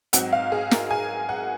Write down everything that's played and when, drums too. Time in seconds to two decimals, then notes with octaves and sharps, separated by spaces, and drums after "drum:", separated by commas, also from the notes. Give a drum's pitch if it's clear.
0.13 G#2 F#3 C4 D#4 F#5, drum: hi-hat
0.33 F5
0.52 G#4
0.71 A#4, drum: snare
0.91 G#5
1.29 F#5